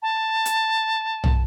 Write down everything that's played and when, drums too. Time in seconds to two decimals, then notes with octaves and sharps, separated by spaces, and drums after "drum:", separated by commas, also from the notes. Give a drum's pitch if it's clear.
0.02 A5
0.45 drum: hi-hat
1.24 drum: tom B1